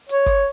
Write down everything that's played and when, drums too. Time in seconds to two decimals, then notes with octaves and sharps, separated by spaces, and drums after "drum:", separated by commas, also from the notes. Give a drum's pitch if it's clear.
0.09 C#5, drum: hi-hat
0.26 drum: kick G1, hi-hat